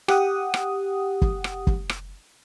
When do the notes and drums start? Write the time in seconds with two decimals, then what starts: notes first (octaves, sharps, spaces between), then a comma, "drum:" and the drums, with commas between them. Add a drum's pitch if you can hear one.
0.08 G4 F#5 D#6, drum: rim click
0.54 drum: rim click
1.22 drum: kick
1.44 drum: rim click
1.67 drum: kick
1.89 drum: rim click